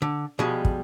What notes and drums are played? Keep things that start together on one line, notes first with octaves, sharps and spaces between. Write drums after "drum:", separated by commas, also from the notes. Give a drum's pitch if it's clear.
D3
B2 F3 G3 G#3
drum: kick